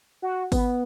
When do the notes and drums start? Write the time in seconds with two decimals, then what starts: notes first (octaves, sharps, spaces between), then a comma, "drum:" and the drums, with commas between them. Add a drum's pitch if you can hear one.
0.22 F#4
0.52 B3, drum: kick G1, open hi-hat